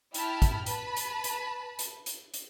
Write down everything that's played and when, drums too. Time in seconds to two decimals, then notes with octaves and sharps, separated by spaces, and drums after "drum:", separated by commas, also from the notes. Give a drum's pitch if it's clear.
0.14 E4 G5 A5 B5 F6, drum: hi-hat
0.42 drum: kick, hi-hat
0.66 B4 A5 B5, drum: hi-hat
0.97 drum: hi-hat
1.24 drum: hi-hat
1.79 drum: hi-hat
2.06 drum: hi-hat
2.34 drum: hi-hat